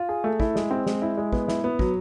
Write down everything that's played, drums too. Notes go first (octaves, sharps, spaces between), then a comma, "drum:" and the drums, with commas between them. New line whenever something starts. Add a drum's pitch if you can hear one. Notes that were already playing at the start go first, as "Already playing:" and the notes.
Already playing: F4
G#4
A3
E4, drum: kick
G#3, drum: snare
C4
G#3, drum: snare
E4
G#3
B3, drum: kick
E4, drum: snare
B3
F#3, drum: kick